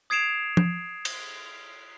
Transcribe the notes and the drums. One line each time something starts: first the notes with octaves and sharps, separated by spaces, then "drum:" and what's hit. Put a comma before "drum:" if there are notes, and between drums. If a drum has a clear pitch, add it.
D#6 G#6 C7 D7 E7 F7
drum: tom
drum: cymbal